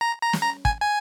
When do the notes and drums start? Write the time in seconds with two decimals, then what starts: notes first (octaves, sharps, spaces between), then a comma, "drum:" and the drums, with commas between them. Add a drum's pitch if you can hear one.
0.01 A#5
0.23 A#5
0.33 drum: snare
0.43 A#5
0.65 G#5, drum: kick
0.81 G#5